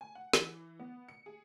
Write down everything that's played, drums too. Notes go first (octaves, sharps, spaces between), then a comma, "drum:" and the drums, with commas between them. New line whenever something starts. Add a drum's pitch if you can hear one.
G#5
F#5
E3, drum: snare
B3
C#7
G#4